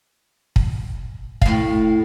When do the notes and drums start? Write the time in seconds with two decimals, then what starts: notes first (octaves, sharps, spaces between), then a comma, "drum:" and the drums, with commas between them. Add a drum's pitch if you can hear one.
0.56 drum: kick
1.42 A2 F5, drum: kick